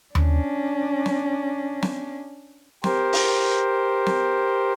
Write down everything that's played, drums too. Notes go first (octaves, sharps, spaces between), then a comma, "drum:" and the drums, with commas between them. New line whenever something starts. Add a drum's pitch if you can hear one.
C#4 D4, drum: tom D#2
drum: snare
drum: snare
G4 A#4 C5, drum: snare
drum: open hi-hat
drum: snare